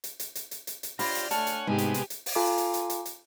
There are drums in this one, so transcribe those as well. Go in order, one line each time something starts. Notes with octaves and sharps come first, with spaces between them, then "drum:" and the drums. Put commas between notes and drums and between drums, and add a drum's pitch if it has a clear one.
drum: hi-hat
drum: hi-hat
drum: hi-hat
drum: hi-hat
drum: hi-hat
drum: hi-hat
D4 F4 G4 C5 C#5 B5 A#6, drum: open hi-hat
drum: hi-hat
A3 C#5 F#5 G#5 A5 F6, drum: hi-hat
drum: hi-hat
G#2 C3 G#3 B3 G4 G#5
drum: hi-hat
drum: hi-hat
drum: hi-hat
drum: open hi-hat
F4 A4 F5 G#5 A#5 D6
drum: hi-hat
drum: hi-hat
drum: hi-hat
drum: hi-hat